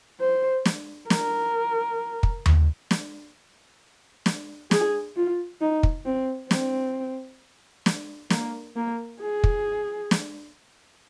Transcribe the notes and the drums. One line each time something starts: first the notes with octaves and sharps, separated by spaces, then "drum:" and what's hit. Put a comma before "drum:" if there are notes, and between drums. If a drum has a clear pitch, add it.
C5
drum: snare
A#4, drum: snare
drum: kick
drum: tom D#2
drum: snare
drum: snare
G#4, drum: snare
F4
D#4
drum: kick
C4
C4, drum: snare
drum: snare
A#3, drum: snare
A#3
G#4
drum: kick
drum: snare